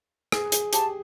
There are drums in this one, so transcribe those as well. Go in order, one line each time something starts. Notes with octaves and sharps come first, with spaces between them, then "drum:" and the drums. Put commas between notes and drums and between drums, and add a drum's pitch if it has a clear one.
G#4, drum: rim click
G#4, drum: hi-hat
G4 A5, drum: hi-hat